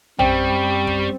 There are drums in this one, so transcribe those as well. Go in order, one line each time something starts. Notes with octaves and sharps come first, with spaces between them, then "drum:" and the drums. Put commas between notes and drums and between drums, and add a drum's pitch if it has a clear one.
F#2 G3 C4 G5 C#6, drum: tom A#1
drum: kick